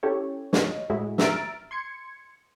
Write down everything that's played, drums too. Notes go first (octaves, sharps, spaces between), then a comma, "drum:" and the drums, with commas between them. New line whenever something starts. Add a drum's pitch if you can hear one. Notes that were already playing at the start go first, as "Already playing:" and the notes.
C#4 E4 G4 A4 C#5
C#5 D#5 F5, drum: snare
A2 G#3 E4 F#4 G#4
E5 A#5 E6 F6 A6 D7, drum: snare
C6 G#6 C#7